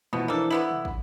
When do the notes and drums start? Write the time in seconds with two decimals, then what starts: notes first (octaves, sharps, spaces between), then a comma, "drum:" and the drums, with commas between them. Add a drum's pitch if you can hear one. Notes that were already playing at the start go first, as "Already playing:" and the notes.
0.13 B2 E3 F3 B3
0.28 E3 A#3 D4 A4 C5
0.50 D3 B3 E4 F#7
0.71 drum: tom
0.85 drum: kick